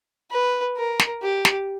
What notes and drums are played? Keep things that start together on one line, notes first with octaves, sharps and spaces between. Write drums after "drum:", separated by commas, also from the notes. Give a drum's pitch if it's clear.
B4
A#4
drum: snare
G4
drum: snare